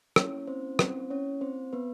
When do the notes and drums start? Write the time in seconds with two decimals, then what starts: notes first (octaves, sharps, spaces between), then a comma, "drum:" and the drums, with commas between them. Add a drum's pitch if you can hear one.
0.16 A#3 C#4 E4 C#5, drum: rim click
0.47 C4 C5
0.79 C4 C5, drum: rim click
1.10 C#4 C#5
1.41 C4 C5
1.73 B3 B4